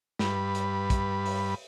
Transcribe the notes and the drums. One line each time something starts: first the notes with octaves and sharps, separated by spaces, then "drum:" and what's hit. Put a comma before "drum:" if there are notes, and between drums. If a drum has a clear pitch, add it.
G2 B4, drum: snare
drum: hi-hat
drum: kick, hi-hat
drum: open hi-hat